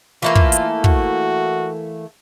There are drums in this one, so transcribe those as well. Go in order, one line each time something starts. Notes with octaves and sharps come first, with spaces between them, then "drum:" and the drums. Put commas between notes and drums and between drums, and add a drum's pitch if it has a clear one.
E3 A3 A#3 F4
drum: kick
drum: hi-hat
F#4, drum: kick